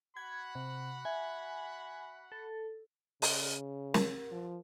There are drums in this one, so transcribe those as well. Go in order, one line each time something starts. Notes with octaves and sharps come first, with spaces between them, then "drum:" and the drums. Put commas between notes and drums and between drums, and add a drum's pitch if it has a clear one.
F#4 F#5 B5 G#6
C3
E5 G#5
A4
C#3, drum: open hi-hat
A#4, drum: snare
F3